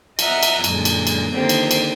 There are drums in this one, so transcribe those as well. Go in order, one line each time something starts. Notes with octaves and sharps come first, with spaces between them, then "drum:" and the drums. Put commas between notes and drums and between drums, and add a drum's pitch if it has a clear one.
D#5 E5 F#5 A#5 F6, drum: cymbal
drum: cymbal
F#2 A#2 D3 G#3, drum: cymbal
drum: cymbal
drum: cymbal
D3 D#3 A#3 C4 G4 C5
drum: cymbal
drum: cymbal